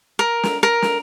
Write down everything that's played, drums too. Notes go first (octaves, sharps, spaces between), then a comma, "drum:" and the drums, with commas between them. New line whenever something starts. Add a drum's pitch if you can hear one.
A#4
drum: snare
A#4
drum: snare